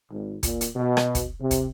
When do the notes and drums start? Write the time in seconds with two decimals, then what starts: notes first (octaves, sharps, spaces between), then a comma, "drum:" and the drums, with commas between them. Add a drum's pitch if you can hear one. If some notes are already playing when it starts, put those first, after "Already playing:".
0.11 G#1
0.43 A#2, drum: kick, hi-hat
0.61 drum: hi-hat
0.75 B2
0.97 drum: rim click
1.15 drum: kick, hi-hat
1.41 C3
1.51 drum: kick, hi-hat